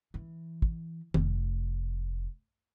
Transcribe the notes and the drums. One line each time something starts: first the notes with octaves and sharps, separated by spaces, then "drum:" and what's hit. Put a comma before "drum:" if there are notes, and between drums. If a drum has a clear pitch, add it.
E3
drum: kick
F1, drum: tom